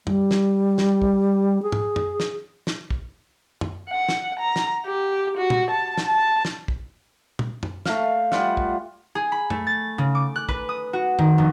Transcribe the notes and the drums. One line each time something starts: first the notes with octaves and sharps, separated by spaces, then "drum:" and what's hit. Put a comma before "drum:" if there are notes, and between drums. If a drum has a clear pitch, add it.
G3, drum: tom
drum: snare
drum: snare
drum: kick
G#4
drum: tom
drum: tom
drum: snare
drum: snare
drum: kick
drum: tom
F#5
drum: snare
A#5
drum: snare
G4
F#4
drum: tom
A5
drum: snare
A5
drum: snare
drum: kick
drum: tom
drum: tom
A3 F5, drum: snare
G3 F4 F#5, drum: snare
drum: kick
G#4
B5
A3, drum: tom
A6
C#3
D6
F#6
B4, drum: kick
D#6
F#4
D#3, drum: tom
F1